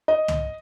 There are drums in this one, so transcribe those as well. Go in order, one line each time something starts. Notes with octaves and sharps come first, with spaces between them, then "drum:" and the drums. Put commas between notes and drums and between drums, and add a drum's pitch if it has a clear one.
D#5
drum: tom